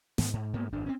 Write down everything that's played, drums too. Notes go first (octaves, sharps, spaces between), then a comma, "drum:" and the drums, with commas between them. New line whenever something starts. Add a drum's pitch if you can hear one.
G#2 B3, drum: snare
G#2
G#2 A#3 B3
G#1 F#2 D4
C4 C#4